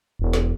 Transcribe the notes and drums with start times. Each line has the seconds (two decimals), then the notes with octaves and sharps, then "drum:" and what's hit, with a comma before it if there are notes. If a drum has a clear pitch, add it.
0.19 E1
0.33 drum: snare